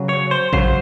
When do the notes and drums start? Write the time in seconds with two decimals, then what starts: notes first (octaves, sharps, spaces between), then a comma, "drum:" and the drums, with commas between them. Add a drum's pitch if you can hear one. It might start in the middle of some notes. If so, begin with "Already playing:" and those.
Already playing: C#3 F#3
0.09 C#5
0.31 C5
0.53 C#3 F#3 C5, drum: kick A1